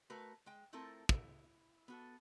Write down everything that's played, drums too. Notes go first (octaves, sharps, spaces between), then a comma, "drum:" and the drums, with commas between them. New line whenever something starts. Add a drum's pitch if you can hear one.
A3 F#4 A#4 B4
G#3 G5
A3 C4 E4 F4 A4 A#4
E4, drum: kick
B3 F#4 A4